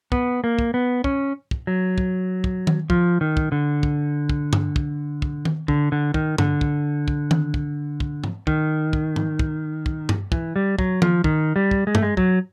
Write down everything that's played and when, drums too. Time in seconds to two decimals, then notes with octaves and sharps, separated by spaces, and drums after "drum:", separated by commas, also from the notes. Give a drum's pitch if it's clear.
0.12 B3, drum: kick
0.44 A#3
0.59 drum: kick
0.74 B3
1.04 C#4, drum: kick
1.51 drum: kick
1.67 F#3
1.98 drum: kick
2.44 drum: kick
2.67 drum: tom D#3
2.90 F3, drum: kick
3.21 D#3
3.37 drum: kick
3.52 D3
3.83 drum: kick
4.29 drum: kick
4.53 drum: tom G2
4.76 drum: kick
5.22 drum: kick
5.45 drum: tom D#3
5.68 D3, drum: kick
5.92 D3
6.14 D#3, drum: kick
6.38 D3, drum: tom G2
6.61 drum: kick
7.08 drum: kick
7.31 drum: tom D#3
7.54 drum: kick
8.00 drum: kick
8.24 drum: tom
8.47 D#3, drum: kick
8.93 drum: kick
9.16 drum: tom
9.39 drum: kick
9.86 drum: kick
10.09 drum: tom G2
10.32 E3, drum: kick
10.56 G3
10.79 F#3, drum: kick
11.02 F3, drum: tom
11.24 D#3, drum: kick
11.56 G3
11.71 drum: kick
11.87 G#3
11.95 A3, drum: tom G2
12.03 G#3
12.17 F#3, drum: kick